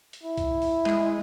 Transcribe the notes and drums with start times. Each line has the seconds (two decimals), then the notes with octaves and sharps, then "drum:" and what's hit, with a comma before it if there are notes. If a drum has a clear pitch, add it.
0.13 drum: hi-hat
0.23 E4
0.37 drum: kick C2, hi-hat
0.62 drum: open hi-hat
0.86 G#3, drum: clap